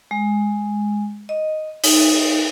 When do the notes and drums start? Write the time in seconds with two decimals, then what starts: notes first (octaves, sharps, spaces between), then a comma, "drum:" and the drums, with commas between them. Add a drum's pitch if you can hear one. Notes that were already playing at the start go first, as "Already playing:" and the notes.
0.11 G#3
1.29 D#5
1.84 D#4, drum: open hi-hat